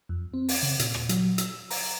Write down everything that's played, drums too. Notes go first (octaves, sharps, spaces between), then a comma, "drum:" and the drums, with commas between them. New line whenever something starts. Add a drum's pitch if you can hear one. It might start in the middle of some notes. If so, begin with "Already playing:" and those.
F2
C4
drum: open hi-hat
C#3
A#2, drum: hi-hat
drum: rim click
F#3, drum: hi-hat
E6, drum: hi-hat
A#5, drum: open hi-hat